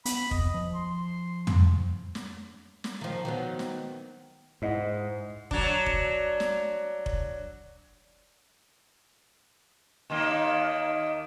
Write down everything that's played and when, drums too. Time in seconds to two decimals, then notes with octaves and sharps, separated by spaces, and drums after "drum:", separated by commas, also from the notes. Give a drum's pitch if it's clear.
0.05 B3 B5, drum: hi-hat
0.31 F2 D#5, drum: kick F1
0.54 F3
0.75 C6
1.47 drum: tom
2.15 drum: snare
2.84 drum: snare
3.01 D#3 F3
3.25 D#3 F#3 B3
3.59 drum: snare
4.62 G#2 E4 D#5 F#5
5.51 F#3 D4, drum: kick F1
5.86 drum: kick F1
6.40 drum: snare
7.06 drum: kick F1
10.10 D#2 D#3 A#3